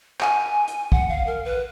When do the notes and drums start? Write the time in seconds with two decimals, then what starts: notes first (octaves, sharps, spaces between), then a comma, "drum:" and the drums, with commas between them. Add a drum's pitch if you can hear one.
0.21 G#5, drum: clap
0.68 drum: hi-hat
0.92 F#5, drum: kick
1.09 F5
1.27 A#4
1.44 B4